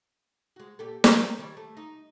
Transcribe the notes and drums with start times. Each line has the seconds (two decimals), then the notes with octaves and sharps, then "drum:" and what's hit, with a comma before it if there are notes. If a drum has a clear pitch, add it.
0.56 G#3 F#4
0.79 A#2 G4 A4
1.04 A#4, drum: snare
1.38 D#3 G3 C#5
1.57 A3
1.77 D#4